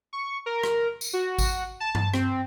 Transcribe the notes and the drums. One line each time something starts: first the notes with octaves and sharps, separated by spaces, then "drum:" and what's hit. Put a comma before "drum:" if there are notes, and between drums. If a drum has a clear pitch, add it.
C#6
A#4
drum: rim click
drum: tambourine
F#4
drum: kick G#1, tambourine
A5
drum: tom G2
C4, drum: rim click